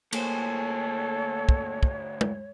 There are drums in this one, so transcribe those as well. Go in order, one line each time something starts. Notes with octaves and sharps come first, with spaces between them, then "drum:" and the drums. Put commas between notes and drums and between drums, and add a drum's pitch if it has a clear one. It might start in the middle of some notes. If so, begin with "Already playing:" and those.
D2 A#3 G#4 A4 C5 C#5, drum: cymbal
drum: kick
drum: kick
drum: tom